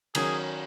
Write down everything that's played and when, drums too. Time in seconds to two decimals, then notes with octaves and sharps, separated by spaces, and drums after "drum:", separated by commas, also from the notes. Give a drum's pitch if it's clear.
0.15 D#3 F#3 C#4 G#4, drum: cymbal